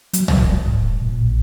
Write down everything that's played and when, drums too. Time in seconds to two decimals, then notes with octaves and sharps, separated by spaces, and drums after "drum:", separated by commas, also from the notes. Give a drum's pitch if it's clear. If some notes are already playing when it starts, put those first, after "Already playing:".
0.13 F#3, drum: hi-hat
0.28 F#3, drum: tom
0.44 E1
0.66 G#2
0.78 D#1
1.02 A#2
1.22 A#1